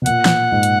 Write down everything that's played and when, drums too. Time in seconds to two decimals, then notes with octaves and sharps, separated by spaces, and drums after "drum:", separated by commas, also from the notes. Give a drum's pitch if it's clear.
0.02 B2
0.06 A#2 F#5, drum: hi-hat
0.25 drum: snare
0.52 G#2
0.63 drum: hi-hat